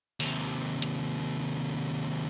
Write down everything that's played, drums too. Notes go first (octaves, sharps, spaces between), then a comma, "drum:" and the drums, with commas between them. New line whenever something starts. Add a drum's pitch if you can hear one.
D#2 C3, drum: open hi-hat
drum: hi-hat